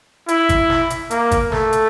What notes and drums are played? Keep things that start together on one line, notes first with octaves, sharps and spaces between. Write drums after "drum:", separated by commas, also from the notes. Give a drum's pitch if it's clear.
E4, drum: hi-hat
drum: kick G#1, hi-hat
drum: snare
drum: hi-hat
A#3, drum: hi-hat
drum: kick G#1, hi-hat
A3, drum: snare
drum: hi-hat